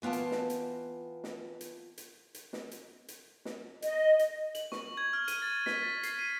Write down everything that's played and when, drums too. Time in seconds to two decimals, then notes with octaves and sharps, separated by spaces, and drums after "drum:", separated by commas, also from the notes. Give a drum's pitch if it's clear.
0.02 E3 B3 F4 G5 A5
0.13 drum: hi-hat
0.31 drum: snare
0.50 drum: hi-hat
1.24 drum: snare
1.61 drum: hi-hat
1.98 drum: hi-hat
2.35 drum: hi-hat
2.53 drum: snare
2.71 drum: hi-hat
3.08 drum: hi-hat
3.45 drum: snare
3.82 D#5, drum: hi-hat
4.19 drum: hi-hat
4.55 F#7, drum: hi-hat
4.72 C#6, drum: snare
4.97 G#6
5.13 F6
5.28 D#7, drum: hi-hat
5.42 A6
5.66 B6, drum: snare
5.83 A6
6.03 C7, drum: hi-hat
6.19 D#7